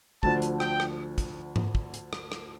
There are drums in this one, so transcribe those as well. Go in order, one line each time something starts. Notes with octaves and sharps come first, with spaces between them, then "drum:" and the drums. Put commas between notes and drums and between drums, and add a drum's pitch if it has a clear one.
D2 D3 F3 A5, drum: kick
drum: hi-hat
G5, drum: rim click
drum: rim click
drum: kick, hi-hat
drum: tom G#2
drum: kick
drum: hi-hat
drum: rim click
drum: rim click